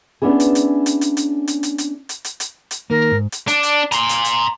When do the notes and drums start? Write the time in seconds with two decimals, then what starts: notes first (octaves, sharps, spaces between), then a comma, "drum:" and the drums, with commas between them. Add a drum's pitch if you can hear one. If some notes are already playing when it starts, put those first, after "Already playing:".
0.22 B3 C#4 D4 E4 G#4
0.40 drum: hi-hat
0.55 drum: hi-hat
0.86 drum: hi-hat
1.01 drum: hi-hat
1.17 drum: hi-hat
1.48 drum: hi-hat
1.63 drum: hi-hat
1.78 drum: hi-hat
2.09 drum: hi-hat
2.25 drum: hi-hat
2.40 drum: hi-hat
2.71 drum: hi-hat
2.90 D#3 A#3 A#4
3.11 G#2
3.32 drum: hi-hat
3.48 D4, drum: hi-hat
3.63 drum: hi-hat
3.92 A#5 C6, drum: hi-hat
4.09 drum: hi-hat
4.25 drum: hi-hat